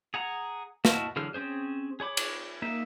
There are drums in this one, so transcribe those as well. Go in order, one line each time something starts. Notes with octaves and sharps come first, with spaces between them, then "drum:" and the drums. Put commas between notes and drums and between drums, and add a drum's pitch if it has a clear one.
G#4 F#5 A#5
E4 F#4 D#5 A5 F6, drum: snare
D3 E3 F#3 G#4 F6
C4 C#4 G#4 C5
G#4 C#5 B5 D6
drum: cymbal
A#3 D#4 E5